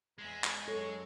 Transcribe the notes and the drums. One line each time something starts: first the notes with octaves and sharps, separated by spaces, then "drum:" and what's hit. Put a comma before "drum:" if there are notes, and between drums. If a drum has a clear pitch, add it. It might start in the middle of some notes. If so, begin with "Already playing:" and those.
E2 G#3 E5 G#5
drum: clap
F#2 A4 C#5 C#6